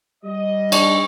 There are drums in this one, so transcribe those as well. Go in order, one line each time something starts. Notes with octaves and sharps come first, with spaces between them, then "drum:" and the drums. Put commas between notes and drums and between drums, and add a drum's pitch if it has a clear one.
G3 D#5
D4 C#6, drum: cymbal